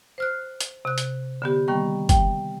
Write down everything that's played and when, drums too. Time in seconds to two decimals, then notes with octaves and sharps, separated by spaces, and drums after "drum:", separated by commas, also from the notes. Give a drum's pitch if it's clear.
0.18 C5 F6 F#6
0.60 drum: hi-hat
0.85 C3 F#6
0.98 drum: hi-hat
1.42 D3 B3 G4
1.68 D#3 G3 A#3 B3 G5 C#6
2.09 G5, drum: kick, hi-hat